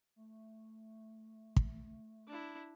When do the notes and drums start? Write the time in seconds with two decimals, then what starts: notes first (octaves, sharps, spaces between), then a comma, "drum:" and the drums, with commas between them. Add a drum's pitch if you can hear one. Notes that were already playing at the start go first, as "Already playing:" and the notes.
0.16 A3
1.56 drum: kick
2.28 D4 E4